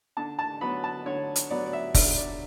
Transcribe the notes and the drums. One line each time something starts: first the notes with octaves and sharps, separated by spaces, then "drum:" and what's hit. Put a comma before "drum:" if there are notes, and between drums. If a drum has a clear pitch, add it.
D3 A5
A5
F#3 B3 B5
A5
D3 C#5
drum: hi-hat
F#3 B3 D5
D5
E5
D3 D5, drum: kick F1, open hi-hat
D5